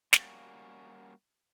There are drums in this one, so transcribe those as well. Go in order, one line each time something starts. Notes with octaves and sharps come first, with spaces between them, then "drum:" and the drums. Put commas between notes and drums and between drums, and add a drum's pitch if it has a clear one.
G3 A#3 C#4 F#4, drum: snare